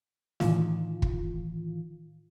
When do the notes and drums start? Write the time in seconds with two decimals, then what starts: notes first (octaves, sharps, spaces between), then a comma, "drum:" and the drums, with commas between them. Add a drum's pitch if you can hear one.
0.40 A2 D#3 E3 F4, drum: snare
1.02 drum: kick